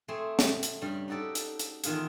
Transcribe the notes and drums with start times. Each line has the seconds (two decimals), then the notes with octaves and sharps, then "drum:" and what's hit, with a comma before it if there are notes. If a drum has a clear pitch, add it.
0.08 A3 C4 G#4 C5 G#5
0.39 drum: snare
0.63 drum: hi-hat
0.81 G2 C#3 G3
1.08 D#4 F#4 G4 A4 D5
1.35 drum: hi-hat
1.59 drum: hi-hat
1.84 E2 D#3 F4 G#4 F#5, drum: hi-hat